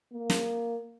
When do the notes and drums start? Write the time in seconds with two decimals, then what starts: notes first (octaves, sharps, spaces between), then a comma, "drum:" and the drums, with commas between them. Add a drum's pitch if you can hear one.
0.13 A#3
0.30 drum: snare